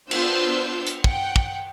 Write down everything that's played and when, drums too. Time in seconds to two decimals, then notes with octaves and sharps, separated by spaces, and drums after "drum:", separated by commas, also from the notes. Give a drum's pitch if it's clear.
0.11 B3 D4 F4 C5 E6 G6, drum: cymbal
0.87 drum: hi-hat
1.04 F#5 G5, drum: kick
1.36 drum: kick